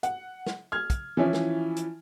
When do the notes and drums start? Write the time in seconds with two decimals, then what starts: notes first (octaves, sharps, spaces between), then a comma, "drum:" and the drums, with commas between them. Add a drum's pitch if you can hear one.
0.03 F#5, drum: hi-hat
0.46 drum: snare
0.72 F6 G#6
0.90 drum: kick, hi-hat
1.17 E3 F3 C#4 E4
1.33 drum: snare
1.77 drum: hi-hat